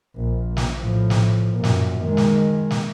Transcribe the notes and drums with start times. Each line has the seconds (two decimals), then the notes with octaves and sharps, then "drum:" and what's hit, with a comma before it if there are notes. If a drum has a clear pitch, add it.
0.17 A#1
0.57 drum: snare
0.79 A2 F3
1.10 drum: snare
1.53 F#2 A#2
1.64 drum: snare
2.02 D#3 G#3
2.17 drum: snare
2.71 drum: snare